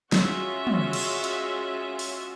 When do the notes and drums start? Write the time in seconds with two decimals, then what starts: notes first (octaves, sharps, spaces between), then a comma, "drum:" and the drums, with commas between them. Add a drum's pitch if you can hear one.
0.12 G#3 C#4 F4 F#4 E5, drum: snare
0.67 drum: tom
0.93 drum: cymbal
1.24 drum: hi-hat
1.99 drum: open hi-hat